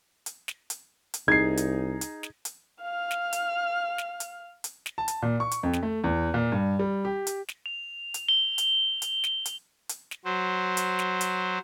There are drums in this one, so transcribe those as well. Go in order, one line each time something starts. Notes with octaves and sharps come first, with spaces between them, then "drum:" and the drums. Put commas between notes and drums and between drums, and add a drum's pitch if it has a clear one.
drum: hi-hat
drum: snare
drum: hi-hat
drum: hi-hat
C2 D#4 G#4 G#6 C7
drum: hi-hat
drum: hi-hat
drum: snare
drum: hi-hat
F5 F6
drum: snare
drum: hi-hat
drum: snare
drum: hi-hat
drum: hi-hat
drum: snare
A5
drum: hi-hat
A#2
C#6
drum: hi-hat
F2
drum: snare
A3
E2
A#2
G2
G3
G4
drum: hi-hat
drum: snare
F7
drum: hi-hat
G7
drum: hi-hat
drum: hi-hat
drum: snare
drum: hi-hat
drum: hi-hat
drum: snare
F#3 C5
drum: hi-hat
drum: snare
drum: hi-hat